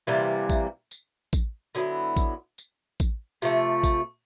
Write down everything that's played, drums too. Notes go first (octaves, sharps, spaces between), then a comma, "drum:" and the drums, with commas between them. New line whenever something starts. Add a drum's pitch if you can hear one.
C3 E3 G3 A#3
drum: kick A1, tambourine
drum: tambourine
drum: kick A1, tambourine
D3 F#3 B3 E4, drum: tambourine
drum: kick A1, tambourine
drum: tambourine
drum: kick A1, tambourine
C3 F3 A3, drum: tambourine
drum: kick A1, tambourine